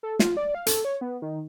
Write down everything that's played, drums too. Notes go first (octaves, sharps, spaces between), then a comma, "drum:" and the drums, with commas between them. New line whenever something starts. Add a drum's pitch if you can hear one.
A4
F4, drum: snare
D5
F5
A4, drum: hi-hat
C#5
B3
D#3